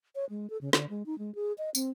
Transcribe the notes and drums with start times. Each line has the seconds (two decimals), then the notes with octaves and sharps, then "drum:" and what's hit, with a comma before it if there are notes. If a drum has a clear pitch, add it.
0.15 C#5
0.30 G#3
0.50 A4
0.61 C#3
0.73 D3, drum: snare
0.90 G#3
1.06 D#4
1.19 G#3
1.35 G#4
1.58 D#5
1.75 C4, drum: tambourine